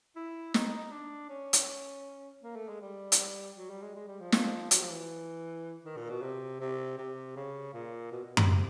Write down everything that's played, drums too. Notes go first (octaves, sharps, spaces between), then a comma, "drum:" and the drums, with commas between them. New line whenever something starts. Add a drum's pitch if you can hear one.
E4
D#4, drum: snare
D4
C#4
drum: hi-hat
A#3
A3
G#3
G3
drum: hi-hat
F#3
G3
G#3
G#3
G3
F3
F3, drum: snare
F#3, drum: hi-hat
F3
E3
D#3
A#2
B2
C3
C3
C3
C#3
A#2
B2
B2
C3, drum: tom F#2